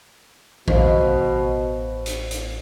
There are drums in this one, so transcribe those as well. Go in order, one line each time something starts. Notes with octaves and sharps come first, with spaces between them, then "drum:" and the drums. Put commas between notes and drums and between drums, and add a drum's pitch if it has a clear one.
A1 B2 D#3 C5 D#5 F5, drum: kick
drum: hi-hat
drum: hi-hat